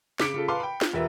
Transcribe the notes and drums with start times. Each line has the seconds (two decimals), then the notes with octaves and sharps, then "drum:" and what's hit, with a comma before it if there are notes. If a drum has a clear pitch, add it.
0.20 C#3 D6 B6 C#7 D7, drum: snare
0.34 C#3 F4 A4
0.48 B4 F5 A5 C6 D6
0.60 G5 B5
0.81 F4, drum: snare
0.93 E1 F4 G4 A#4 B4 E5